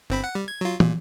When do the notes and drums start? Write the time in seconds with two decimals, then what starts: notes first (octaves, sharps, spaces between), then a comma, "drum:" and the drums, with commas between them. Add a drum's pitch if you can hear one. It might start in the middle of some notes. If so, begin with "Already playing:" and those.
0.10 G1 C4 B5
0.24 F#5
0.35 G3
0.48 G#6
0.61 F#3 F4
0.80 A#2, drum: tom